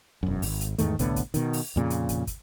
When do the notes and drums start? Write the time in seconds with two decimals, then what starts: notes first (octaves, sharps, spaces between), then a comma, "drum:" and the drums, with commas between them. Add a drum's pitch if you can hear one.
0.23 E1 F#2
0.42 G#1, drum: open hi-hat
0.61 drum: hi-hat
0.78 E2 G#2 D#3 A3, drum: hi-hat
0.99 C2 A2 D3 B3, drum: kick, hi-hat
1.16 drum: kick, hi-hat
1.34 B2 D#3, drum: hi-hat
1.53 drum: open hi-hat
1.76 F2 A#2 C#3
1.90 drum: hi-hat
2.09 drum: kick, hi-hat
2.27 drum: kick, hi-hat